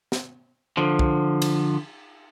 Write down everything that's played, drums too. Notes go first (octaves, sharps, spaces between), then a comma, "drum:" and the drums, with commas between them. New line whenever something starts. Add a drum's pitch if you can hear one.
drum: snare
D3 F3
drum: kick
drum: cymbal